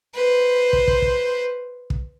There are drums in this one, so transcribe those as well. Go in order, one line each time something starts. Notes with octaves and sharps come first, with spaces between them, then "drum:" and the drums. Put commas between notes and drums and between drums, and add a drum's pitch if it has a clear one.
B4 C5
drum: kick
drum: kick
drum: kick
drum: kick